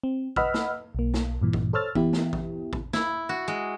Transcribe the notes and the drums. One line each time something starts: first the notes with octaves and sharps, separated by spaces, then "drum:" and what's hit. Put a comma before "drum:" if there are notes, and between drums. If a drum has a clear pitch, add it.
C4
B4 D#5 F#5 B5 E6 F6, drum: kick A1
drum: snare
B1 A#3
drum: snare
G2 A#2 E3
drum: kick A1
A4 C5 C#5 E6 F6 A6
E3 B3 E4 G4, drum: kick A1
drum: snare
drum: kick A1
drum: kick A1
E4, drum: snare
F#4
G#3